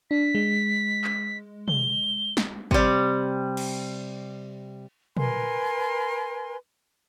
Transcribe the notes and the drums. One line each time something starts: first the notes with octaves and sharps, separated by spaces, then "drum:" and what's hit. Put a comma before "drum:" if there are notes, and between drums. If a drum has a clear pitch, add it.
D4 B6
G#3
drum: clap
G7, drum: tom
drum: snare
C3 G3, drum: kick
drum: cymbal
A#4 B4 G#5 C6, drum: tom